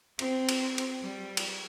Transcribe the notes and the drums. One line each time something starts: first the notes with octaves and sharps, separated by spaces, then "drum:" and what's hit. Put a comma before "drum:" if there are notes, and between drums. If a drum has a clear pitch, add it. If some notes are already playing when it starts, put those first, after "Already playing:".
C4, drum: cymbal
drum: cymbal
drum: cymbal
G3
drum: cymbal